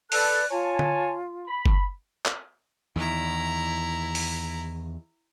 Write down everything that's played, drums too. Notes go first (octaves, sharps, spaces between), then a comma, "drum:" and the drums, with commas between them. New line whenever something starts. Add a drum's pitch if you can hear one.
A4 B4 D5 F#6, drum: open hi-hat
F4 C#5 G#5 A5
drum: tom D3
B5
drum: kick F#1
drum: clap
E2 D#3 E4 A#5
drum: open hi-hat